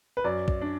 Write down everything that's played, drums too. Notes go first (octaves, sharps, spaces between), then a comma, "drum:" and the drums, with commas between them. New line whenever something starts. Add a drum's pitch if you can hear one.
B4
F#2 D5
drum: kick
D4